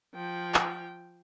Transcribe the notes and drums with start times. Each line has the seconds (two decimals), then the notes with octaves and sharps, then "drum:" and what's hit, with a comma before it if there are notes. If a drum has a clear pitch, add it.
0.14 F3 G5
0.54 drum: clap